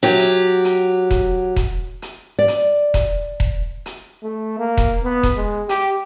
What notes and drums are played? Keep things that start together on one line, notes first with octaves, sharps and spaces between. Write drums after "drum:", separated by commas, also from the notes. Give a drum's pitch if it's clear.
F#3 G4
drum: hi-hat
drum: hi-hat
drum: kick E1, hi-hat
drum: kick E1, hi-hat
drum: hi-hat
D5
drum: hi-hat
drum: kick E1, hi-hat
drum: kick E1
drum: hi-hat
A3
A#3
drum: kick E1, hi-hat
B3
drum: kick E1, hi-hat
G#3
G4, drum: hi-hat